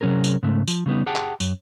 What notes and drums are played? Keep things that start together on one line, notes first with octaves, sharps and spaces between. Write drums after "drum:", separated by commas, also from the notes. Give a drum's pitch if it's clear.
C3 F#3 C#4 G#4 A#4
drum: tambourine
G#2 C#3 A3
F3, drum: tambourine
C#3 G3 B3 D#4
G4 G#4 F#5 G5 A5
drum: clap
F#2, drum: tambourine